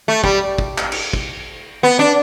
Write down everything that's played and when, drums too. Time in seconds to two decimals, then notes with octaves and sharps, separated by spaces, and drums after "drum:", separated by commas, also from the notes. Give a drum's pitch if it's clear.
0.08 A3
0.24 G3, drum: kick
0.58 drum: kick
0.78 drum: clap
0.92 drum: cymbal
1.13 drum: kick
1.83 B3
1.99 D4